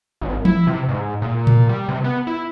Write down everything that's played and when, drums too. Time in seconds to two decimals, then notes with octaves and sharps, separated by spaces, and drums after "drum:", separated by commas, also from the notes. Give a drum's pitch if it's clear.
0.21 G#1
0.45 E4, drum: tom E3
0.67 C3
0.89 G#2
1.22 A#2
1.47 drum: tom A2
1.69 G3
1.88 C3
2.04 B3
2.27 E4